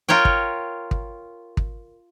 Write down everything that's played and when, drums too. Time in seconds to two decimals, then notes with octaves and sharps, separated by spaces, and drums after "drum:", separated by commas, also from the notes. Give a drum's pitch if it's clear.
0.09 F4 A#4 C#5 G5
0.25 drum: kick
0.91 drum: kick
1.57 drum: kick